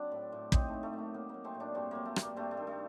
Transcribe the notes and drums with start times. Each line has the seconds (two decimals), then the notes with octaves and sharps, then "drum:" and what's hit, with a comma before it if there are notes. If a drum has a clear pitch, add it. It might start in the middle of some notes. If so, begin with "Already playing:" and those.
Already playing: F#3 C4 D4
0.12 A2
0.32 A2
0.52 A2 C4 D#4, drum: kick
0.68 F#3 A3
0.83 A3
0.93 A2 A#3
1.14 F#3 A#3
1.29 F#3 A#3
1.44 A3 C4
1.55 A2
1.60 A#3 D4
1.75 G2 A3 C4
1.91 F#3 A#3
2.05 A3
2.16 G2 A#3, drum: rim click
2.36 G2 A3 C4
2.51 A3
2.57 D#3
2.67 A3